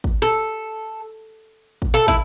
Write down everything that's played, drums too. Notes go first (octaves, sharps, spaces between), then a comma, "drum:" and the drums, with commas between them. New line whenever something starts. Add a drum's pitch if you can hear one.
drum: kick
A4
drum: kick
A4
E4, drum: kick